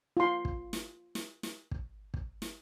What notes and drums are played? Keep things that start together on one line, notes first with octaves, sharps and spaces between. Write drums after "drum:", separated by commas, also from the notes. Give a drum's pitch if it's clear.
F4 C6
drum: kick
drum: snare
drum: snare
drum: snare
drum: kick
drum: kick
drum: snare